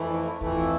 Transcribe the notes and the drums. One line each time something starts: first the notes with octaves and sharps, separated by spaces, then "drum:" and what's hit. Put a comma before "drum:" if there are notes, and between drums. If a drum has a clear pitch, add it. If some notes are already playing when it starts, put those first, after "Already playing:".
Already playing: F2 E3 A3 E4
F2 E3 A3 E4, drum: kick D2